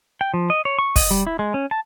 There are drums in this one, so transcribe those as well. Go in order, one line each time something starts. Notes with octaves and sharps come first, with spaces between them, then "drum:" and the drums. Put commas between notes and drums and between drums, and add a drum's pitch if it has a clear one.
G5
F3
D#5
C#5
C#6
D#5, drum: kick, open hi-hat
G3
E4
G#3
C#4
A5